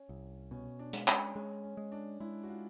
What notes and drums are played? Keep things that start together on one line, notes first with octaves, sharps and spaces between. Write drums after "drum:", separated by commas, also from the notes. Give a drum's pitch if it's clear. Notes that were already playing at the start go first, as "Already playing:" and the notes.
Already playing: C#4
C2
B2 C#4
D4
G#3, drum: hi-hat
C#4, drum: clap
G#3 C#4
C#4
G#3
D4
G#3 E4
F#4
F4